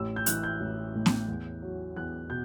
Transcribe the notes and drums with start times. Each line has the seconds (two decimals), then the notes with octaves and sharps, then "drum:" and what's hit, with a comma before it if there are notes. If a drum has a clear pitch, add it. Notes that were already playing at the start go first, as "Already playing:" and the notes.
Already playing: A1 E6
0.16 G6
0.26 E3 F#6, drum: hi-hat
0.43 G6
0.60 A1
0.95 A2
1.06 drum: snare B3
1.28 E2
1.62 F#3
1.96 E2 F#6
2.30 B2 G6